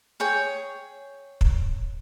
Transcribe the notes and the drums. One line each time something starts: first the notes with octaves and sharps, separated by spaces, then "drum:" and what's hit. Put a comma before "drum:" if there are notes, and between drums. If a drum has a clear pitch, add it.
G#4 C#5 G5
drum: kick